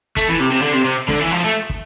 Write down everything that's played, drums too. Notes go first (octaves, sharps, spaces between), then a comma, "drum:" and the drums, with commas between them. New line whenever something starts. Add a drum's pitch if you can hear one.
A3, drum: kick
E3
C3
C3
D3
C3
C3
D3, drum: snare
E3
F3
A3
drum: kick